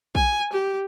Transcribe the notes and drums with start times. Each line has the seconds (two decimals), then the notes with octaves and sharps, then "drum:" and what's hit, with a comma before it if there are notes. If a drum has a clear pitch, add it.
0.15 G#5, drum: kick A#1
0.52 G4